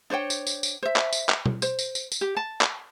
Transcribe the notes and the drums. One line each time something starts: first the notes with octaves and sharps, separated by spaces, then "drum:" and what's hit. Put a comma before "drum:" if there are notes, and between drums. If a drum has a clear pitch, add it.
D4 C5 C#5 G5
drum: tambourine
drum: tambourine
drum: tambourine
C5 E5
drum: clap
drum: tambourine
drum: clap
drum: tom
C5, drum: tambourine
drum: tambourine
drum: tambourine
drum: tambourine
G4
A5
drum: clap